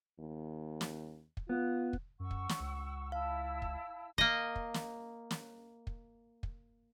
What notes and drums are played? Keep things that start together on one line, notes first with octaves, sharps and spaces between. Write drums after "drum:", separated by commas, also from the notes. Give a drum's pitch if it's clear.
D#2
drum: snare
drum: kick
B3 F4
drum: kick
F#2 F#5 C#6 E6
drum: kick
drum: snare
C#2
E4 F5 A5 E6
drum: kick
A#3 D#5, drum: kick
drum: kick
drum: snare
drum: snare
drum: kick
drum: kick